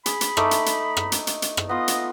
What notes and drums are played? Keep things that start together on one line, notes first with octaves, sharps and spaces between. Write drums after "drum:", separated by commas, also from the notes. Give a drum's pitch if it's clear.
G#4 B5, drum: hi-hat
drum: hi-hat
A3 D#4 D6, drum: rim click
drum: hi-hat
drum: hi-hat
drum: rim click
drum: hi-hat
drum: hi-hat
drum: hi-hat
drum: rim click
B3 F4 D#5
drum: hi-hat